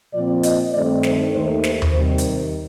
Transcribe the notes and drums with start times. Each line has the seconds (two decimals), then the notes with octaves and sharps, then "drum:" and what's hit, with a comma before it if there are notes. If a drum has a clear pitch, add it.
0.13 A#2 F3 C4 D5
0.43 D#5, drum: hi-hat
0.73 G2 D#3 A3 C4 D5
1.03 C5, drum: snare
1.33 D#2 D#3 A3 C5
1.64 C5, drum: snare
1.82 drum: tom D#2
1.93 C3 D#3 G3 C5
2.18 drum: hi-hat